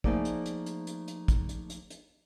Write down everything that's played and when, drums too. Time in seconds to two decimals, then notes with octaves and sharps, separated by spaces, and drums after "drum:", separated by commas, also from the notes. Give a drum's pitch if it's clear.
0.04 F3 A3 A#3 D#4 G#4 D5, drum: kick
0.25 drum: hi-hat
0.46 drum: hi-hat
0.66 drum: hi-hat
0.87 drum: hi-hat
1.08 drum: hi-hat
1.28 drum: kick, hi-hat
1.49 drum: hi-hat
1.70 drum: hi-hat
1.90 drum: hi-hat